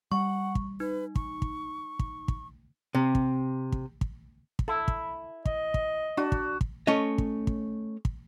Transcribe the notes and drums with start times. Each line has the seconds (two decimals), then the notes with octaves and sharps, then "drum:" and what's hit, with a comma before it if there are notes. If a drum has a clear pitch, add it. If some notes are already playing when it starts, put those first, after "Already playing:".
0.12 G3 F#5 C#6
0.55 drum: kick
0.80 D#4 B4
1.15 C#6, drum: kick
1.42 drum: kick
1.99 drum: kick
2.28 drum: kick
2.95 C3
3.15 drum: kick
3.72 drum: kick
4.01 drum: kick
4.59 drum: kick
4.68 E4 A4
4.88 drum: kick
5.45 D#5, drum: kick
5.74 drum: kick
6.17 D4 F#4
6.32 drum: kick
6.61 drum: kick
6.87 A3 C#4 C#5 D#5
7.18 drum: kick
7.47 drum: kick
8.05 drum: kick